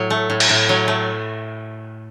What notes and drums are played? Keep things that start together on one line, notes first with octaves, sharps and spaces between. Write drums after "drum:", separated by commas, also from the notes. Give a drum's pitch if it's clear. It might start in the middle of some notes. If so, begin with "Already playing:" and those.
Already playing: A2 F#3
A3
A2
drum: cymbal
A2
F#3
A3